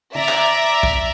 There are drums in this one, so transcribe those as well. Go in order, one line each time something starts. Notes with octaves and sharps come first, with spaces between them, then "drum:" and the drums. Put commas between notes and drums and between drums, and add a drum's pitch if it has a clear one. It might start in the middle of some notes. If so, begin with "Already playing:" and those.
D5 E5 A#5, drum: tom
drum: clap
drum: kick